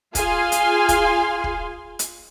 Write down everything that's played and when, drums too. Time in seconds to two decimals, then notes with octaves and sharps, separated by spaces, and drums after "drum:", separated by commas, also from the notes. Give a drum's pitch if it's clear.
0.15 F4 G#4 F5 G#5 C6, drum: kick, hi-hat
0.52 drum: hi-hat
0.89 drum: kick, hi-hat
1.44 drum: kick
1.99 drum: hi-hat